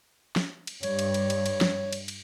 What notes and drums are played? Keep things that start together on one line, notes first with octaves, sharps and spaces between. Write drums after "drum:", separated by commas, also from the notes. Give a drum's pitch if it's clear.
drum: snare
drum: cymbal
G2 C#5, drum: cymbal
drum: cymbal
drum: cymbal
drum: cymbal
drum: cymbal
drum: snare
drum: cymbal
drum: cymbal